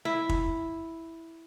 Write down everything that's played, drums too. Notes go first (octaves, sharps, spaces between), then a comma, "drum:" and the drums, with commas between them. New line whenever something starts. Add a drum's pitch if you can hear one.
E4
drum: kick